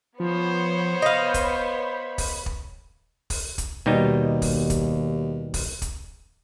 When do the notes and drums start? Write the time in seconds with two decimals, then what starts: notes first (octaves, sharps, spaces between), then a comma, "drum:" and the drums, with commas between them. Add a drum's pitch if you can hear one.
0.20 F3 B3 C5 C#5
1.02 D#5 F5 B5
1.34 drum: kick, hi-hat
2.18 drum: kick, open hi-hat
2.46 drum: kick
3.30 drum: kick, open hi-hat
3.58 drum: kick, hi-hat
3.86 D#2 B2 G3 D#4
4.42 drum: kick, open hi-hat
4.70 drum: kick, hi-hat
5.54 drum: kick, open hi-hat
5.82 drum: kick, hi-hat